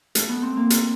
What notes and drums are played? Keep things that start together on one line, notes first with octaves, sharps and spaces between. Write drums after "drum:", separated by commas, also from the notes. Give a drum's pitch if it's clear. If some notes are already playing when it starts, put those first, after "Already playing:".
A3, drum: hi-hat
B3
C4
A#3
drum: hi-hat